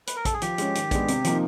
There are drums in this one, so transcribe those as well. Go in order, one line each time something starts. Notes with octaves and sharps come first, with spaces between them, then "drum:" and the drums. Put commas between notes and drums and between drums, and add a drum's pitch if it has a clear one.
B4, drum: hi-hat
A#4
A4, drum: kick, hi-hat
G#4
F3 G4, drum: hi-hat
G#3 C#4, drum: hi-hat
D#3, drum: hi-hat
G#3 B3 D4, drum: kick, hi-hat
C3, drum: hi-hat
F3 A#3 D#4, drum: hi-hat